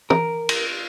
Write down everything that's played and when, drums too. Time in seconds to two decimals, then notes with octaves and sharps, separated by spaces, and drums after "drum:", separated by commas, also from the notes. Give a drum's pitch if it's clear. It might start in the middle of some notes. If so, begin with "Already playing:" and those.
0.10 A#4, drum: tom
0.49 drum: cymbal